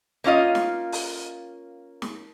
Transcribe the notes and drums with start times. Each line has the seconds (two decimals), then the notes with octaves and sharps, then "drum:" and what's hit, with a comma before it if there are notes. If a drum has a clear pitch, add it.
0.24 A#3 C#4 F4 D#5
0.55 drum: snare
0.92 drum: open hi-hat
2.02 drum: snare